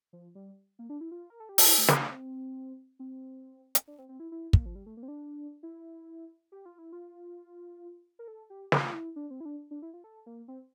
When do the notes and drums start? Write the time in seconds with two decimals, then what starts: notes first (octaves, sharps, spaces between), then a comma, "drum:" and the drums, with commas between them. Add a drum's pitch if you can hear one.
0.13 F3
0.35 G3
0.79 A#3
0.90 D4
1.01 E4
1.12 F4
1.30 A#4
1.40 A4
1.49 G4
1.58 F4, drum: open hi-hat
1.67 E4
1.78 A3
1.88 C4, drum: snare
2.00 D4
2.11 C4
2.99 C4
3.75 drum: hi-hat
3.87 D4
3.98 C4
4.09 C4
4.20 E4
4.32 E4
4.53 A#3, drum: kick
4.66 F3
4.75 G3
4.86 A3
4.97 A#3
5.03 C4
5.08 D4
5.63 E4
6.52 G4
6.66 F4
6.78 E4
6.92 F4
8.19 A#4
8.28 A4
8.50 G4
8.72 F4, drum: snare
8.87 F4
8.93 E4
9.16 D4
9.30 C4
9.40 E4
9.45 D4
9.71 D4
9.82 E4
9.94 F4
10.04 A4
10.26 A#3
10.48 C4